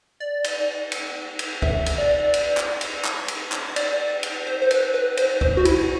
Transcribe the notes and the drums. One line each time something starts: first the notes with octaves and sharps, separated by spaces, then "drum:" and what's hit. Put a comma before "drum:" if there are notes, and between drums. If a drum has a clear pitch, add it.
D5
drum: cymbal
drum: cymbal
drum: cymbal
E5, drum: kick
drum: cymbal
D5
drum: cymbal
drum: clap
drum: cymbal
drum: clap
drum: cymbal
drum: clap
D5, drum: cymbal
drum: cymbal
C5
C5
B4, drum: cymbal
B4
C5, drum: cymbal
C5, drum: kick
F#4
E4, drum: cymbal